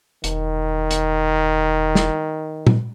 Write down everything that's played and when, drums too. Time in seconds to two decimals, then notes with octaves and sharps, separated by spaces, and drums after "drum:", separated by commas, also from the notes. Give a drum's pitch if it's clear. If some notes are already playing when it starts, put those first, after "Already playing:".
0.24 E1 D#3, drum: hi-hat
0.91 drum: hi-hat
1.95 drum: snare
2.67 drum: tom A#2